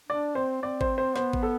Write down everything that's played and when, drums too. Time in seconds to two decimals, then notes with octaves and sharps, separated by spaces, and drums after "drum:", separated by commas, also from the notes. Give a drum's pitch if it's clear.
0.09 D4 D5
0.35 C4 C5
0.62 C4 D5
0.81 C5, drum: kick G#1
0.98 C5
1.16 B3 C5, drum: snare
1.33 drum: kick G#1
1.43 A4